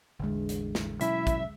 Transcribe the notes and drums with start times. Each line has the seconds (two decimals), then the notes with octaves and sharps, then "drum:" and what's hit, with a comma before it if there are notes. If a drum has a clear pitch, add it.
0.20 A1 E2 D3 G#3
0.49 drum: hi-hat
0.75 drum: snare
1.01 B2 F#3 C#4 E4 E5, drum: hi-hat
1.27 drum: kick, hi-hat